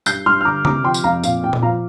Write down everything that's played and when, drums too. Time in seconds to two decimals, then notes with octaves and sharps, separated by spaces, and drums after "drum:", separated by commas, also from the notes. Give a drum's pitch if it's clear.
0.06 G2 G6 C7, drum: tambourine
0.26 G2 C6 F6
0.41 F6
0.45 D3 A#5 D6
0.65 C3 A#5 D6, drum: tom C#3
0.84 F3 G5 C6
0.94 drum: tambourine
1.04 F2 F5 A#5
1.23 A#2 F5, drum: tambourine
1.43 A#2 G5
1.53 drum: tom A#2
1.62 F3 F5 A#5